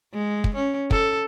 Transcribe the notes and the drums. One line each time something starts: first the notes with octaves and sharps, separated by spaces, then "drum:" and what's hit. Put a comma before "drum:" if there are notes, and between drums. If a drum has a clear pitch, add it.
G#3
drum: kick
C#4
A4, drum: kick